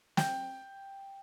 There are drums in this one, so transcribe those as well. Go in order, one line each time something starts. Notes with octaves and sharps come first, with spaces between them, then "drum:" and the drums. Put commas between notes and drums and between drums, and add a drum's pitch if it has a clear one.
G5, drum: snare